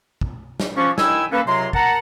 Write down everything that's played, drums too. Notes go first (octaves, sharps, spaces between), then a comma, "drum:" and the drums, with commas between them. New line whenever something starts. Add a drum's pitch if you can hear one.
drum: kick
drum: snare
F3 C#4 D4 C#6
D#3 E4 G5 G#5 E6, drum: snare
A#3 C#4 A4 B4
C#2 C3 F#3 A#5 C6
A#4 F#5 A5 A#5, drum: kick